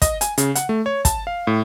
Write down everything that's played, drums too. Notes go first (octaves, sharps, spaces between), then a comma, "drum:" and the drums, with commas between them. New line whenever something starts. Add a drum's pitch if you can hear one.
D#5, drum: kick, hi-hat
G#5, drum: hi-hat
C#3, drum: hi-hat
F#5, drum: hi-hat
A3
C#5
A5, drum: kick, hi-hat
F5
A2